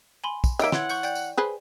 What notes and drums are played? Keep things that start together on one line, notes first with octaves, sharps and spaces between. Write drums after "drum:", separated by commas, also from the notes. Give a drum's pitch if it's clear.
G#5 B5 C6
drum: kick, tambourine
D#3 A#3 C#5 E5 E6 D7, drum: tambourine
E3 F#5 C6 G#6, drum: snare
C#6 G6 C#7, drum: tambourine
D5 G5 G6, drum: tambourine
drum: tambourine
G#4 B4 C5